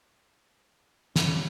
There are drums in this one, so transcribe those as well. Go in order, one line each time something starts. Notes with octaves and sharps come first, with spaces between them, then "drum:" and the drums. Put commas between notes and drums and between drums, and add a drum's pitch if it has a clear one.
C#3 G3, drum: snare